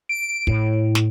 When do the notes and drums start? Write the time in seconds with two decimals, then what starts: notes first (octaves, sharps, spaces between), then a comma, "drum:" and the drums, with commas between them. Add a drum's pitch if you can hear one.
0.09 D7
0.47 A2, drum: kick
0.95 drum: snare